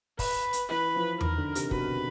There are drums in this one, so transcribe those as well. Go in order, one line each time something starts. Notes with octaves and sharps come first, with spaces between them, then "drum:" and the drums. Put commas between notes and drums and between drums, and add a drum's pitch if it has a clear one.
B4, drum: kick, open hi-hat
drum: hi-hat
E3 B4
F3
D#3 A#4, drum: tom E2
D3
C3, drum: hi-hat
B2 B4, drum: kick